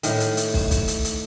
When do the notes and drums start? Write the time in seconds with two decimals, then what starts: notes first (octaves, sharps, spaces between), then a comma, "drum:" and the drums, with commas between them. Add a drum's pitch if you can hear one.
0.03 A2 D#3, drum: hi-hat
0.20 drum: hi-hat
0.37 drum: hi-hat
0.54 drum: kick, open hi-hat
0.71 drum: kick, hi-hat
0.88 drum: hi-hat
1.05 drum: hi-hat